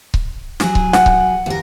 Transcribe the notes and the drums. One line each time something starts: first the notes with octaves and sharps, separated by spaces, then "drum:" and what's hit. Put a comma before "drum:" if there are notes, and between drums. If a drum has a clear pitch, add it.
drum: kick C#1
F#3 G#4, drum: snare
drum: kick C#1
F#5, drum: snare
drum: kick C#1
D#2 A#4